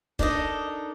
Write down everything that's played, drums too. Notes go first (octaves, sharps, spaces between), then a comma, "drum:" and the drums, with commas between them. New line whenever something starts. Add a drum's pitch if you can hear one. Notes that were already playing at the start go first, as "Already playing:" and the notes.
D4 D#4 A4 A#4 D#5, drum: kick